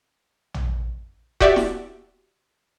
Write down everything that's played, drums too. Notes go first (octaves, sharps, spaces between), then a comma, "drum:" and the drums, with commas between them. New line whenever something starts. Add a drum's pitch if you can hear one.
drum: tom
F#4 G4 D5 E5, drum: kick D#1
drum: snare E4